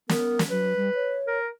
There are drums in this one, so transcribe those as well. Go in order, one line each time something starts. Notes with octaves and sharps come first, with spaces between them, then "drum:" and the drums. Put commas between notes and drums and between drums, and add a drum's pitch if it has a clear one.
B3 A#4, drum: snare
drum: snare
F#3 B4
G3
C#5
A#4